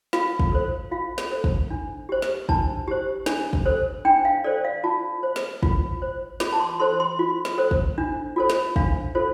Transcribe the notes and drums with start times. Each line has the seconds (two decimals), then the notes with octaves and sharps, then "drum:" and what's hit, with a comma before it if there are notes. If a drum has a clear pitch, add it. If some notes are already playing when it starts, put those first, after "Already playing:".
0.13 F4 F5, drum: snare
0.39 drum: kick
0.52 A4 C5
0.92 F4 F5
1.18 drum: snare
1.32 A4 C5
1.44 drum: kick
1.71 D4
2.09 G4 C5
2.22 drum: snare
2.49 D4 A5, drum: kick
2.88 G4 C5
3.26 D4, drum: snare
3.53 drum: kick
3.66 A4 C5
4.05 D4 G5
4.25 F5
4.44 A4 C5 D5
4.65 F5
4.84 F4 A5
5.23 C5
5.36 drum: snare
5.63 F4, drum: kick
6.02 C5
6.40 F4 D6, drum: snare
6.53 A5
6.60 C6
6.80 A4 C5 C6
7.00 C6
7.19 F4
7.45 drum: snare
7.58 A4 C5
7.71 drum: kick
7.98 D4
8.36 F4 A4 C5
8.50 drum: snare
8.76 D4 F5, drum: kick
9.15 F4 A4 C5